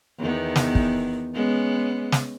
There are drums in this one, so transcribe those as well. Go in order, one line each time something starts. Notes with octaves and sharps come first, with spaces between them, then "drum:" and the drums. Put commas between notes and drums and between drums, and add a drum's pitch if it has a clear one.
E2 D#3 B3
drum: snare
drum: kick
G#3 B3 C#4
drum: snare